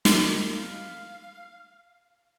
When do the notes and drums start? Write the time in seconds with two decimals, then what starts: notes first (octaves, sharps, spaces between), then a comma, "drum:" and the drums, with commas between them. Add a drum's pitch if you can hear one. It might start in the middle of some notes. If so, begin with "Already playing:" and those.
0.05 B5, drum: snare
0.55 F5